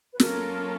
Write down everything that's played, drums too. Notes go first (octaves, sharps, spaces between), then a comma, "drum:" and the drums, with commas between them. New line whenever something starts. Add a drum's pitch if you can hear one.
B4
F#3 A#3 C#4 F4 A4 A#4, drum: snare